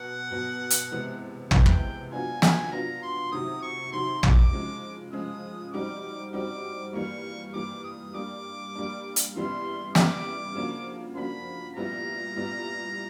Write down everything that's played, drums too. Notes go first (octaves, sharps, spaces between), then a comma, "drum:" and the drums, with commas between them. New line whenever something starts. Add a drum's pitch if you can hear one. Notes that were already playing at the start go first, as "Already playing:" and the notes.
Already playing: B2 F#3 B3 F#5
B2 F#3 B3
drum: hi-hat
C3 E3 G#3 B3
C3 E3 G#3 B3 G5, drum: tom
drum: kick
F#3 B3 D4 F4 G#5
G#5, drum: snare
F#3 B3 D4 F4 A#5
C6
C3 D#3 F#3 D#6
C#6
C3 D#3 F#3 C6
D6, drum: tom
C#3 F3 G#3
C#3 F3 G#3 D#6
G3 C4 D#4 F#4 D6
G3 C4 D#4 F#4 D6
E3 G3 A#3 C#6
E3 G3 A#3 D6
D#6
G3 A#3 D4 D6
G3 A#3 D4
drum: hi-hat
C#3 E3 G3 B3 E4 C6
C#3 E3 G3 B3 E4 D6, drum: snare
C#3 F3 A#3 D4 F#4
C#3 F3 A#3 D4 F#4 B5
A#2 G3 B3 E4 A#5
A#2 G3 B3 E4